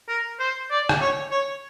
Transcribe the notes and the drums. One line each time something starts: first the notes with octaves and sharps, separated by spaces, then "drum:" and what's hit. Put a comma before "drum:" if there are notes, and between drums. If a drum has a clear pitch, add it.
A#4
C5
D5
drum: rim click
C#5
C#5